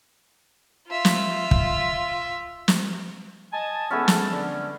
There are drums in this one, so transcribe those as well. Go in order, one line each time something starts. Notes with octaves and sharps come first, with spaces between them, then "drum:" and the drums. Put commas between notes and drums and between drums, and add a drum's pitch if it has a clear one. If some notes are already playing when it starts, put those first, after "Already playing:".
F4 E5
drum: snare
drum: kick
drum: snare
D#5 G#5 A5
G#2 E3 G#3 A3 B3 C#4
drum: snare
D3